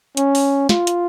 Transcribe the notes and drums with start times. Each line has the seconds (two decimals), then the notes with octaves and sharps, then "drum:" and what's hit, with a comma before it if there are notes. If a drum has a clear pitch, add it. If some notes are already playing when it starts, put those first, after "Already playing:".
0.17 C#4, drum: hi-hat
0.35 drum: open hi-hat
0.69 F4, drum: snare
0.87 drum: hi-hat